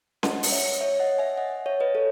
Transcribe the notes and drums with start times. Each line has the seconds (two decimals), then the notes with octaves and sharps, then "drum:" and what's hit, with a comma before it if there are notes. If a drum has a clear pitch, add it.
0.23 D#5 F#5, drum: snare C#4
0.43 drum: open hi-hat
0.52 C#5 E5
0.81 C#5 E5
0.99 D#5 F#5
1.18 E5 G#5
1.37 D#5 F#5
1.66 C#5 E5
1.80 B4 D#5
1.95 A4 C#5